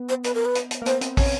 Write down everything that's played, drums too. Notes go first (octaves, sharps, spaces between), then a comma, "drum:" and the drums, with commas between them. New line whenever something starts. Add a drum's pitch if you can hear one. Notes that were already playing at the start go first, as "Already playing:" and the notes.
Already playing: B3
C5
B4, drum: hi-hat
A#4
B4
drum: hi-hat
drum: hi-hat
A#3
B3 C5, drum: hi-hat
C4, drum: hi-hat
C#4 C#5, drum: kick, open hi-hat